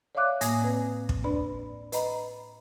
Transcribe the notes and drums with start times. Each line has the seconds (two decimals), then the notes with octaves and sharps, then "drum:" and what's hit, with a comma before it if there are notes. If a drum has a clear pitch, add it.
0.15 C#5 D5 E5 F5 D6 F#6
0.41 A2 A#3 G#5 D#6 G#6 A#6, drum: hi-hat
0.62 C4 B4
1.09 drum: kick
1.24 D4 B4 D5 B5
1.92 B4 D#5 A#5 B5, drum: hi-hat